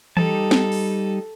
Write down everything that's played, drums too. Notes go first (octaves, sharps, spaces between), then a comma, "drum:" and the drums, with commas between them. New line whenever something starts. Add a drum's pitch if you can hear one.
G3 D#4 A4 A5, drum: tom E3
drum: snare B3
drum: open hi-hat